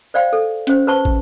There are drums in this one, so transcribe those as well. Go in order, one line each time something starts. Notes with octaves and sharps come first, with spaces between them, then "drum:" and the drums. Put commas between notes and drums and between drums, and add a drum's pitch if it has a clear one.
C5 D5 F5 G5
A4
C#4 C5, drum: hi-hat
B4 C5 A5 C#6
drum: kick